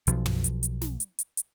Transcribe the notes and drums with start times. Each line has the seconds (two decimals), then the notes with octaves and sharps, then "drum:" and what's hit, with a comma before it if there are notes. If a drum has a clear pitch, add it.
0.07 B1 F3, drum: hi-hat
0.26 drum: tom
0.44 drum: hi-hat
0.63 drum: hi-hat
0.81 drum: snare
1.00 drum: hi-hat
1.19 drum: hi-hat
1.37 drum: hi-hat